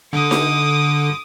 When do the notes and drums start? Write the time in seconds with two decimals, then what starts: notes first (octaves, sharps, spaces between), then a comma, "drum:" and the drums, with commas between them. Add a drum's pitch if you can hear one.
0.13 D3 D6 D#6
0.31 drum: snare D#4